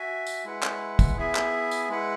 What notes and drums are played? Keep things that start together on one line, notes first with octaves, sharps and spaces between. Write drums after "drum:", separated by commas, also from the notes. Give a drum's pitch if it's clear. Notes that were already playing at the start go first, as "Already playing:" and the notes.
Already playing: F#4 E5 G#5
drum: tambourine
G#3 E4 B4 F#5
drum: clap
drum: kick, tambourine
B3 E4 G#4 E5 G#5
drum: clap
drum: tambourine
G#3 E4 B4 F#5